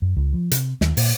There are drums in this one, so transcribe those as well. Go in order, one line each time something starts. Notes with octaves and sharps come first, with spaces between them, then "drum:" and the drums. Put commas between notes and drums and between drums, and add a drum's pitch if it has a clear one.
F#2
C#2
F3
C3, drum: hi-hat
D#2, drum: snare
A#2, drum: open hi-hat